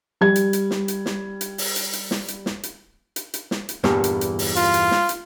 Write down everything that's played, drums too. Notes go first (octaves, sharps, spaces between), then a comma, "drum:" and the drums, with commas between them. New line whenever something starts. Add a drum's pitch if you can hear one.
G3 G#6
drum: hi-hat
drum: hi-hat
drum: snare
drum: hi-hat
drum: snare
drum: hi-hat
drum: open hi-hat
drum: hi-hat
drum: hi-hat
drum: snare
drum: hi-hat
drum: snare
drum: hi-hat
drum: hi-hat
drum: hi-hat
drum: snare
drum: hi-hat
E2 G2 A#2, drum: snare
drum: hi-hat
drum: hi-hat
drum: open hi-hat
F4, drum: hi-hat
drum: hi-hat
drum: snare
drum: hi-hat